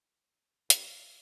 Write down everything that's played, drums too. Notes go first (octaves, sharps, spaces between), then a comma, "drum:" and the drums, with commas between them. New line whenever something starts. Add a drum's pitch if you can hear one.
G2, drum: hi-hat